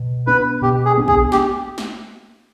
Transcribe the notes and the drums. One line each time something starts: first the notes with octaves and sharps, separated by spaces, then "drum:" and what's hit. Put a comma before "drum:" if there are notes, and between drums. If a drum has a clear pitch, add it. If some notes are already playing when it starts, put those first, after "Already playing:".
Already playing: B2
B3 D4 B4
B2 G4
G#4
B3 D4
G#4, drum: kick
G4, drum: snare
drum: snare